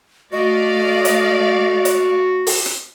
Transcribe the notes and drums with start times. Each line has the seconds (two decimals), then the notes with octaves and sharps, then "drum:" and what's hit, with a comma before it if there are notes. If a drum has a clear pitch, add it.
0.33 A3 F#4 D5 D#5 F5
1.05 drum: hi-hat
1.85 drum: hi-hat
2.47 drum: open hi-hat
2.66 drum: rim click